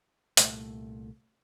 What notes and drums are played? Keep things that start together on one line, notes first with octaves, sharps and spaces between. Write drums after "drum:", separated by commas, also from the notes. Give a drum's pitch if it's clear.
C2 A#2 A3, drum: hi-hat